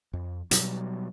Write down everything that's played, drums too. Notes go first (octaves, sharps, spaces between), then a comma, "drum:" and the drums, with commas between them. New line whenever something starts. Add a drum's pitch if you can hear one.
F2
B2 F#3 G3, drum: hi-hat